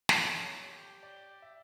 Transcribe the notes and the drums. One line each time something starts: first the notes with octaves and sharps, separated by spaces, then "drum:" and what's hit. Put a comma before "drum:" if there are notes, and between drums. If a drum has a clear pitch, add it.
drum: snare
A4 C#5
C#5
G4
D5
E5